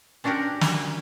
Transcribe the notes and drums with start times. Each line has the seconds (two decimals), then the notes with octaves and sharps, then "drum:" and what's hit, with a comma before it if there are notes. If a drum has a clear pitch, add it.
0.24 C#4 D4 F#4 G4 A#4
0.61 drum: snare